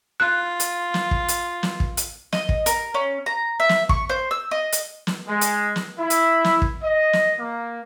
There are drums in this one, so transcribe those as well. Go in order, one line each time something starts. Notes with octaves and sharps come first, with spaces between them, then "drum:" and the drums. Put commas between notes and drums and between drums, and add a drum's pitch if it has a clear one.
F4 F#6
drum: hi-hat
drum: snare
drum: kick
drum: hi-hat
drum: snare
drum: kick
drum: hi-hat
D#5, drum: snare
drum: kick
A#4, drum: hi-hat
C#4
A#5
E5
drum: snare
C#6, drum: kick
C5
E6
D#5
drum: hi-hat
drum: snare
G#3
drum: hi-hat
drum: snare
E4
drum: hi-hat
drum: snare
drum: kick
D#5
drum: snare
A#3